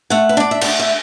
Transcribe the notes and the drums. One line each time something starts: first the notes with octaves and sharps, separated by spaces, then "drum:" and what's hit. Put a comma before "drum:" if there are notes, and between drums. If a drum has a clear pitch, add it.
A3 F#5
B4
D4 D5
E5
A3 F#5, drum: cymbal
E5